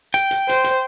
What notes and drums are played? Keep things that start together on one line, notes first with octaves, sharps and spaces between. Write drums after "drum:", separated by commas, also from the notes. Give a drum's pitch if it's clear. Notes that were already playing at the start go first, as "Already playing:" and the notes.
G5, drum: hi-hat
drum: hi-hat
C5, drum: hi-hat
drum: hi-hat